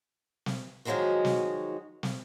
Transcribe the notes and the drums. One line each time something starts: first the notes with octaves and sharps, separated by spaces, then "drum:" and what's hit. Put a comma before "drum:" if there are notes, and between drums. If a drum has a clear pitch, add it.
drum: snare
D#3 F3 F#3 G#3 D#4 F#4
drum: snare
drum: snare